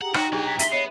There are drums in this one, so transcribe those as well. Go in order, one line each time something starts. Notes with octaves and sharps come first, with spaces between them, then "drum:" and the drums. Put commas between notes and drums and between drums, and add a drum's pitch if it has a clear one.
G4 G#4 F#5 A#5
D#4 F#4 G5 A#5, drum: rim click
F#3 D4 G4 G#4 B4
B6
F2 E5 C6 B6, drum: hi-hat
B3 C#5 D#5 C7